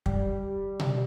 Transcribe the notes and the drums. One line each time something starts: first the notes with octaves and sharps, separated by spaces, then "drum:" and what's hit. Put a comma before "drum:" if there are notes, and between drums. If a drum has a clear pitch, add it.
G3, drum: kick
drum: tom B2